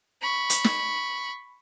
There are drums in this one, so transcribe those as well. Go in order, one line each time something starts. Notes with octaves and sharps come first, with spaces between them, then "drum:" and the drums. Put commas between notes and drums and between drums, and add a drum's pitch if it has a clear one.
B5 C#6
drum: hi-hat
drum: snare